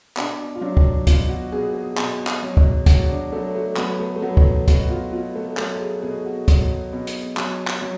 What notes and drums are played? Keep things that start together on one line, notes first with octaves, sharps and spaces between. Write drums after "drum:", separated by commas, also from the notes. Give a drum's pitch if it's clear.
B2 D4, drum: clap
F4
F#3 D4
drum: kick
B2 F4, drum: kick, hi-hat
F#4
B2 G#4
G#4
B2, drum: clap
drum: clap
F#3
drum: kick
F#3 F#4, drum: kick, hi-hat
D4
F#3 A3
A3
F#3 B3, drum: clap
A3
A3
F#3 B3
drum: kick
B2 F#4, drum: kick, hi-hat
F4
B2 F4
A3
F#3 A3, drum: clap
G#4
B2 G#4
F#4
F#3, drum: kick, hi-hat
B2
drum: hi-hat
F#3, drum: clap
drum: clap
F#3